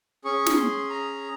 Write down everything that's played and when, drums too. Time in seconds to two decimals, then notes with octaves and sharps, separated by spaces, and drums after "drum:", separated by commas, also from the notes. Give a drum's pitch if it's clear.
0.24 C#4 G#4 C#6
0.46 drum: snare
0.57 C6
0.90 A#5